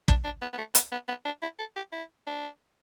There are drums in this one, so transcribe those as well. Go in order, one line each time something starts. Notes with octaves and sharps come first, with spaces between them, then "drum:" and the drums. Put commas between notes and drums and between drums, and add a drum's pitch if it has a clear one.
D4, drum: kick
D4
B3
B3
A3
B3, drum: hi-hat
B3
B3
D4
E4
A4
G4
E4
D4